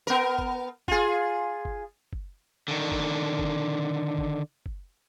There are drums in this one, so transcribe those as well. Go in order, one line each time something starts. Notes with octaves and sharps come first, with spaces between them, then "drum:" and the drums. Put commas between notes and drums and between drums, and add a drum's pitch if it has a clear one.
B3 A#4
drum: kick F#1
F4 G#4, drum: kick F#1
drum: kick F#1
drum: kick F#1
D3 D#3
drum: kick F#1
drum: kick F#1
drum: kick F#1
drum: kick F#1